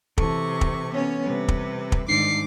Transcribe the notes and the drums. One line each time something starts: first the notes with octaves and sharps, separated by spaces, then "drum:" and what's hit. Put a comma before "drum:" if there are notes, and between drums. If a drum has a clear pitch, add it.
C3 E3 A4 C#6, drum: kick
drum: kick
B3 C#4 C#5
C3 G3 B4
drum: kick
drum: kick
G#2 D#3 D4 D#4 D6 C7